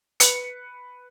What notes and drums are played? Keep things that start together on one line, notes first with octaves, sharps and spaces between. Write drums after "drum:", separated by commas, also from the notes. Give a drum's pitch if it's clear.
B4 C#7, drum: hi-hat